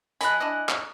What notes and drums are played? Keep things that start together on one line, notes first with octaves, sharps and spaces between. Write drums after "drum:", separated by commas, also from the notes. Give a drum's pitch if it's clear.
F3 D#5 G#5 B5 F#6, drum: hi-hat
D4 E4 D#5
drum: clap